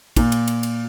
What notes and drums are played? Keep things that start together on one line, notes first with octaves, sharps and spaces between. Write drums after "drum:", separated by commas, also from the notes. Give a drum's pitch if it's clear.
A#2, drum: kick, cymbal
drum: cymbal
drum: cymbal
drum: cymbal